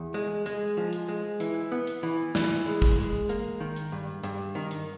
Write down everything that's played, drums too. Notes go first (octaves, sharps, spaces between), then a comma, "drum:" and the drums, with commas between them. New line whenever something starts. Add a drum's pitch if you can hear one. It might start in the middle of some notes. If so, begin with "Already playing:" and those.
Already playing: E2
G#3
G#3, drum: hi-hat
F3
drum: hi-hat
G#3
E3, drum: hi-hat
B3
drum: hi-hat
E3
E3, drum: snare
G#3
drum: kick, hi-hat
G#3
A#3, drum: hi-hat
D#3
drum: hi-hat
G2
G2, drum: hi-hat
D#3
drum: hi-hat